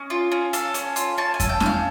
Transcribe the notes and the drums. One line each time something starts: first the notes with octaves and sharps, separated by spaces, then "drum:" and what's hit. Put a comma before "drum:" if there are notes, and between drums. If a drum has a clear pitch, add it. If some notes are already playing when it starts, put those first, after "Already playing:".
Already playing: C#4 D#5
F4
C#4
A4 F5, drum: hi-hat
C#4, drum: hi-hat
F4, drum: hi-hat
C#4 A5
G#5
A4, drum: kick F2, hi-hat
G5
C#4, drum: snare
F5